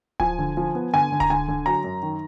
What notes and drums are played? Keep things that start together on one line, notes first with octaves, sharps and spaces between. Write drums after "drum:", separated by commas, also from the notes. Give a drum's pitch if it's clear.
F3 G#5, drum: kick D1
D3
F3
B3
D3 G#5
D3
A#5, drum: kick D1
D3 G#5
D3
F#3 A#5
F#2
D#3